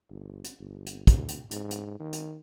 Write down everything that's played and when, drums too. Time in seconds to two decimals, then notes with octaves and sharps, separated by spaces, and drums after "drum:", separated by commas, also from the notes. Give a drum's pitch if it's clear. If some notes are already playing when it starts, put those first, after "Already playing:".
0.10 G1
0.44 drum: hi-hat
0.59 G1
0.86 drum: hi-hat
1.07 D2, drum: kick, hi-hat
1.28 drum: hi-hat
1.51 G#2, drum: hi-hat
1.70 drum: hi-hat
2.00 D#3
2.13 drum: hi-hat